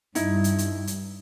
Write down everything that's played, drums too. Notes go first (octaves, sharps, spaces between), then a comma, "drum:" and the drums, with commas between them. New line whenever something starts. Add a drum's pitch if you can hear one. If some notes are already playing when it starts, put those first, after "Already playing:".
G2 D#4 E4, drum: hi-hat
drum: hi-hat
drum: hi-hat
drum: hi-hat